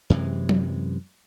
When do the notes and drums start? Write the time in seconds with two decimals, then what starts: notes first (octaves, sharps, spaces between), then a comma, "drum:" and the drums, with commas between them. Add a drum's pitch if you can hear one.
0.10 F#2 C3 E3 G#3
0.49 drum: tom F#3